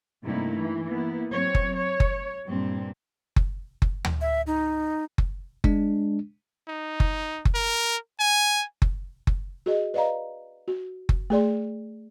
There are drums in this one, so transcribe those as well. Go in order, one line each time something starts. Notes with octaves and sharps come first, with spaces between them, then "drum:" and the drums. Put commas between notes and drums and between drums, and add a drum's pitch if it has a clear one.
G2 C3 A3 A#3 D#4 E4
E3
A#3 B3 E4
F#3 C4 C#5
drum: kick F#1
C#5
drum: kick F#1
G2 A#2 C4
drum: kick F#1
drum: kick F#1
drum: tom D2
E5
D#4
drum: kick F#1
G#3 D4, drum: kick F#1
D#4
drum: kick F#1
drum: kick F#1
A#4
G#5
drum: kick F#1
drum: kick F#1
F#4 G#4 D#5
B4 D5 D#5 F5 A#5
F#4
drum: kick F#1
A3 G#4 D5 C6